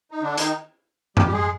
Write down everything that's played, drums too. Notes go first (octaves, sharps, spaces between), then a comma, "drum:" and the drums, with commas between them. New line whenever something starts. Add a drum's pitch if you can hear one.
D#4
D3 D4
D#3 D#4, drum: hi-hat
G3 G4, drum: tom F#2
G4
G#3 G#4